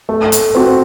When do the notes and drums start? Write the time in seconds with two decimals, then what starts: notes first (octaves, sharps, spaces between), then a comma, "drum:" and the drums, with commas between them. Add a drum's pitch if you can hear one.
0.09 A3
0.32 drum: hi-hat
0.55 C4 F#4